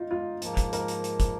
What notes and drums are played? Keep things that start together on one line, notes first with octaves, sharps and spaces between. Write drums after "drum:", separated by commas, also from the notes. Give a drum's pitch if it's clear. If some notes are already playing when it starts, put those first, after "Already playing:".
Already playing: D#4 F4
F4
G#2 F3 A#3, drum: hi-hat
drum: kick, hi-hat
A#4, drum: hi-hat
drum: hi-hat
drum: hi-hat
drum: kick, hi-hat